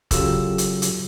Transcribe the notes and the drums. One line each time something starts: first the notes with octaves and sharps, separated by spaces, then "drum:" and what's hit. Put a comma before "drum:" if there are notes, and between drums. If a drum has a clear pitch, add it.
C#3 F#3 F4 G4 A4 E6, drum: kick E1, hi-hat
drum: hi-hat
drum: hi-hat